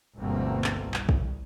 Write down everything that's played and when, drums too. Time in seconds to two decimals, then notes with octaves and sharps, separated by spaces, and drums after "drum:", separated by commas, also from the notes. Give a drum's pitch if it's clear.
0.20 G1 D2 B2 A3 A#3 C4
0.64 drum: clap
0.82 C2
0.94 drum: clap
1.09 drum: kick